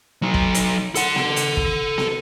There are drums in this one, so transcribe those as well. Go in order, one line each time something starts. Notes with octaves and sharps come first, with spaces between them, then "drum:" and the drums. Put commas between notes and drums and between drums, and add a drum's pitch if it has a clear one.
F#3 D#4
drum: kick
drum: hi-hat
A4 F#5, drum: hi-hat
drum: snare B3
drum: hi-hat
drum: kick
drum: snare B3